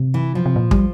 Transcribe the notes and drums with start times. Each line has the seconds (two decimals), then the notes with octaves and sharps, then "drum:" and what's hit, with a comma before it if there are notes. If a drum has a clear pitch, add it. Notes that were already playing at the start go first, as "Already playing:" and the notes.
Already playing: C3
0.14 E3
0.35 F3
0.46 C3
0.56 A#2
0.71 G3, drum: kick